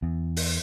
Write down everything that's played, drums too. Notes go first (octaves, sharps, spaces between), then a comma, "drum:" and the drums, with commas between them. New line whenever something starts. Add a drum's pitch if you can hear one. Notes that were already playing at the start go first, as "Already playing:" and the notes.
E2
drum: open hi-hat